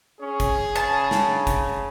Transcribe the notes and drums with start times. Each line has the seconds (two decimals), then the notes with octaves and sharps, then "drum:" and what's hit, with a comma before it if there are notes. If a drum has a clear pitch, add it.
0.20 C#4 G#4
0.40 drum: kick, hi-hat
0.76 C#3 A5, drum: hi-hat
1.11 drum: snare
1.47 drum: kick, hi-hat